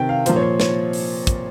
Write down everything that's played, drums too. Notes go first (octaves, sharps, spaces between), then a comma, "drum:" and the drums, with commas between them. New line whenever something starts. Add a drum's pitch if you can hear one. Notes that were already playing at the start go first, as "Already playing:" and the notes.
Already playing: C3 D#3 G5
F5
A#2 F3 C5, drum: hi-hat
C#5
C5
C#5, drum: snare
drum: open hi-hat
drum: kick, hi-hat